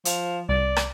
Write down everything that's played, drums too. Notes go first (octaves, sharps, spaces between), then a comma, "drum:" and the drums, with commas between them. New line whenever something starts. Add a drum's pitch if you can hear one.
F3, drum: hi-hat
C2 D5
drum: rim click